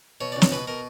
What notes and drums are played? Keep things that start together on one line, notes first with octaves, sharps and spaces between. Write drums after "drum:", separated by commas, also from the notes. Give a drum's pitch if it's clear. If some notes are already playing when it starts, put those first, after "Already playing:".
B2 C#5
C#2 D5
C#5, drum: snare
B2 B4
B2 A#4